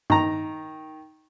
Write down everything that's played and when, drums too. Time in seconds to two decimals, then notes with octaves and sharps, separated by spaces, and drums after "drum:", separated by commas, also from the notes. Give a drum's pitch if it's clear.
0.10 D#3 A#5, drum: tom G2